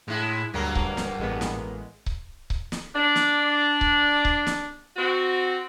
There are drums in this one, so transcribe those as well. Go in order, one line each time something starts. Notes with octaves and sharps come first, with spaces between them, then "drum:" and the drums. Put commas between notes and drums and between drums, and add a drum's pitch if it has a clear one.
A2 G#3 E4
D2 G2 F#3 A#3 A#4
drum: kick C#1
drum: snare
A1 G#3 B3
drum: snare
drum: kick C#1
drum: kick C#1
drum: snare
D4
drum: snare
drum: kick C#1
drum: kick C#1
drum: snare
C4 F#4